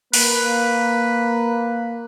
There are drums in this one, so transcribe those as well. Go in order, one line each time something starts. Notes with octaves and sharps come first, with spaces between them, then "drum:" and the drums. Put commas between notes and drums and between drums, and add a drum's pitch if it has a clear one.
A#3 B4, drum: open hi-hat